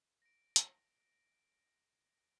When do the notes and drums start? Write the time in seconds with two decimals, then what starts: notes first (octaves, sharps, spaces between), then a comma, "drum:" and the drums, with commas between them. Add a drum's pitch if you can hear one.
0.22 A#6 D7
0.56 drum: hi-hat